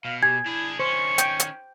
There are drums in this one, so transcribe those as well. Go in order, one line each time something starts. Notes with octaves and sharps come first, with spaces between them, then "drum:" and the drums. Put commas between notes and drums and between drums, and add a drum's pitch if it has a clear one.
B2 F5
G4 G#5 G#6
D4 E4 G#4
D#3 C#4 C5 C#6
G5, drum: hi-hat
drum: hi-hat